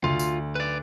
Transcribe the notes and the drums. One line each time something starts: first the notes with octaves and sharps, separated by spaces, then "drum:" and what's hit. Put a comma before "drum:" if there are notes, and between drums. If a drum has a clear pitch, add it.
D2 F4, drum: tom C3
drum: tambourine
B4 D5